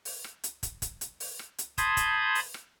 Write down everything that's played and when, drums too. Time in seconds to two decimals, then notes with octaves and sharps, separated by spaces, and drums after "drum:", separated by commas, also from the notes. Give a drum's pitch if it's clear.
0.05 drum: open hi-hat
0.24 drum: rim click
0.44 drum: hi-hat
0.63 drum: kick, hi-hat
0.82 drum: kick, hi-hat
1.01 drum: hi-hat
1.20 drum: open hi-hat
1.39 drum: rim click
1.58 drum: hi-hat
1.78 A5 B5 C6 D#6 G6 G#6, drum: kick, hi-hat
1.97 drum: kick, hi-hat
2.35 drum: open hi-hat
2.54 drum: rim click